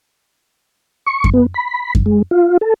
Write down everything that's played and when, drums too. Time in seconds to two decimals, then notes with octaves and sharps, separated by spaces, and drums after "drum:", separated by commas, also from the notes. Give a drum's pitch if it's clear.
1.06 C#6
1.24 drum: kick F#2
1.34 B3
1.54 B5
1.95 drum: kick F#2
2.06 G#3
2.31 F4
2.61 A4